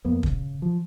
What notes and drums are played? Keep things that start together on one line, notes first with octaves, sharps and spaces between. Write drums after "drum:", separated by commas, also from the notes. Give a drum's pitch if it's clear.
F2 A#3 B3
C#3, drum: kick
F3